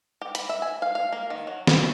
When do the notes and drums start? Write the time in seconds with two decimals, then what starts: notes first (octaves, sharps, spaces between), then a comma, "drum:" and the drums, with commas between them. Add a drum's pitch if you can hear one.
0.21 G4
0.35 B5, drum: hi-hat
0.49 E5
0.62 G#5
0.82 F5
0.95 F5
1.12 A#3
1.30 D#3
1.47 F#3
1.67 C#5, drum: snare